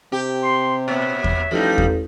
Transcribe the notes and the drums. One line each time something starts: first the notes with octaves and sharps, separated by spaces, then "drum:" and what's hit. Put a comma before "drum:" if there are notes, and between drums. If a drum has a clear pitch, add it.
C3 G4
C6
A#2 B3 F#4 C#5 E5
drum: kick E2
A1 F3 G3 D#4
drum: kick E2